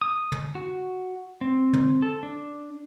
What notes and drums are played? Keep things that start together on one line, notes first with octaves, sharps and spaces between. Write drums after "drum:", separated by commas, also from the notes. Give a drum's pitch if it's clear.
D#6
drum: tom
F#4
C4
drum: tom
A4
D4